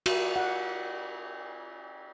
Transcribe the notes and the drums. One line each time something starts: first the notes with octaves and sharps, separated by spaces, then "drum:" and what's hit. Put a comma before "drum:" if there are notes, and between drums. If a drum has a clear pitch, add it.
F#4, drum: cymbal
F#5